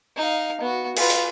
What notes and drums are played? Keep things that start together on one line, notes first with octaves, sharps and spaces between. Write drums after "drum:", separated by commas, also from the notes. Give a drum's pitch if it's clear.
D#4 F5
B3 F#4
F4 B4, drum: cymbal
drum: open hi-hat